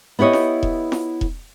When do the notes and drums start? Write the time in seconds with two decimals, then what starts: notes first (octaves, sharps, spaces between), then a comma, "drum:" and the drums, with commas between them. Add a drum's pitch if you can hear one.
0.19 B3 E4 G4 C#5 D#5
0.33 drum: snare F4
0.63 drum: kick E1
0.92 drum: snare F4
1.21 drum: kick E1